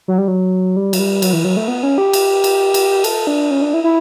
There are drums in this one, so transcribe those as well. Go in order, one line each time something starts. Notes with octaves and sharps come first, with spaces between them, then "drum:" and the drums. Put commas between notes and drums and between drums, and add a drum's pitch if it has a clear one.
F#3
G3
F#3
G3
F#3, drum: cymbal
G3
F#3, drum: cymbal
E3
F#3
A3
B3
C#4
G4
drum: cymbal
drum: cymbal
drum: cymbal
A4, drum: cymbal
D4
C#4
D4
E4
E4